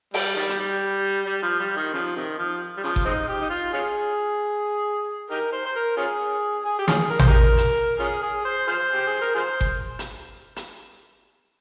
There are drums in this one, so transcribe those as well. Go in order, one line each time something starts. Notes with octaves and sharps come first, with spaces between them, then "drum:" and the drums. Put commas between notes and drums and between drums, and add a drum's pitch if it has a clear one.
G3, drum: open hi-hat
D#3 G3
drum: hi-hat
G3
G3
F3
G3
D#3
C#3 F3
C3 D#3
F3
G3
C#3 F3
drum: kick G1
G#3 C4 D#4
G4
D#4
F4
C#4 F4 G#4
D#4 G4 A#4
C5
C5
A#4
C#4 F4 G#4
G#4
G4
C#4 F4 G#4, drum: snare
A#4
C5, drum: tom A1
D#4 G4 A#4
drum: hi-hat
C#4 F4 G#4
G#4
C5
F4 G#4 C5
G4
G#4
A#4
F4 G#4 C5
drum: kick G1
drum: hi-hat
drum: hi-hat